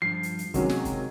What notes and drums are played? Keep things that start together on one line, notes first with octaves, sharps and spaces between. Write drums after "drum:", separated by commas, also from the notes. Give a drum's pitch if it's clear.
G2 F3 C7
drum: hi-hat
drum: hi-hat
C3 D#3 F#3 G#3 C#4, drum: kick, hi-hat
drum: snare
drum: kick, hi-hat